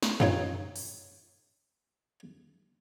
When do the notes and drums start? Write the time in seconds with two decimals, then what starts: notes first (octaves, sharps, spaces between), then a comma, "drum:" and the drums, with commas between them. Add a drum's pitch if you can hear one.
0.03 drum: snare
0.20 A1 C3 D#4 F4 C#5, drum: tom F#2
0.76 drum: open hi-hat